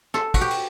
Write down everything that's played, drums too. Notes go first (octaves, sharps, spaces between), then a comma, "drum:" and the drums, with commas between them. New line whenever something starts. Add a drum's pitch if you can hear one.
A4, drum: rim click
F#4, drum: kick, cymbal
G4
drum: cymbal